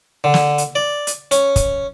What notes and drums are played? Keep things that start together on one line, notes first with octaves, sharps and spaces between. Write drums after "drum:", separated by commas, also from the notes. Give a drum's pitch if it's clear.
D3
drum: snare
drum: hi-hat
D5
drum: hi-hat
C#4, drum: hi-hat
drum: kick, hi-hat